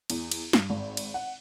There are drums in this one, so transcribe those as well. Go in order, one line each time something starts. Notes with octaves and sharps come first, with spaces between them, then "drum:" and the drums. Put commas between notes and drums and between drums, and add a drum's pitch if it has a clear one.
E2, drum: cymbal
drum: cymbal
G2, drum: snare
G#1
drum: cymbal
F#5